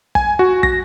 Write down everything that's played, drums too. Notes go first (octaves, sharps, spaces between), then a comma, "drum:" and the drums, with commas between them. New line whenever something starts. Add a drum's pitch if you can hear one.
G#5, drum: kick
F#4
A#6, drum: kick